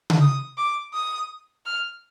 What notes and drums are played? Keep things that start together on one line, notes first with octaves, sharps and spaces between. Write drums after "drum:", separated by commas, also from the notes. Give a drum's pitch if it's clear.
drum: tom C#3
D#6
D6
D#6
F6